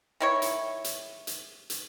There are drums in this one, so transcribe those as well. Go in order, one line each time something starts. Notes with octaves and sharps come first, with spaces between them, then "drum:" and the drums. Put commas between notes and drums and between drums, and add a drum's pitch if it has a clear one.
D#3 E4 C#5
drum: hi-hat
drum: hi-hat
drum: hi-hat
drum: hi-hat